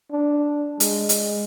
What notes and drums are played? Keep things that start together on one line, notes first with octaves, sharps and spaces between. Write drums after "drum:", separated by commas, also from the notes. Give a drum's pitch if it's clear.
D4
G#3, drum: hi-hat
drum: hi-hat